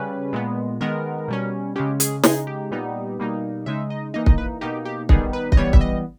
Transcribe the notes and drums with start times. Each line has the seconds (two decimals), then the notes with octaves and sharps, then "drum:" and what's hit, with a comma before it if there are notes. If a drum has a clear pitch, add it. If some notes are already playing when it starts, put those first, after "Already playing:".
Already playing: C#3 G3 C#4 B4
0.33 A#2 G#3 B3
0.81 D#3 G#3 B3 A#4
1.28 B2 G3 C#4
1.76 C#3 G#3 C#4 G4
2.00 G#4, drum: hi-hat
2.23 C#3 G#3 D#4 G#4, drum: snare
2.47 G4
2.71 A#2 G3 B3 D#4
3.19 B2 G3 A#3 D#4
3.66 C#3 G#3 D#4 E5
3.90 D#5
4.14 E3 A#3 D#4 D#5
4.26 D#5, drum: kick
4.38 B4
4.61 B2 A#3 D#4 G4
4.85 G4
5.09 D#3 G3 B3 D#4 G#4, drum: kick
5.33 B4
5.52 D#5, drum: kick
5.57 E3 G3 B3 C#5
5.73 E5, drum: kick
5.81 D#5